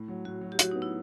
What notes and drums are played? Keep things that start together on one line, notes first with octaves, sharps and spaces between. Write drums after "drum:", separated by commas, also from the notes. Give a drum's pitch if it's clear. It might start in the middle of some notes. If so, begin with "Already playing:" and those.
Already playing: A2
F#3
A2 F#4
F#3
G4
F#3 F#4, drum: hi-hat
B3 D#4
E4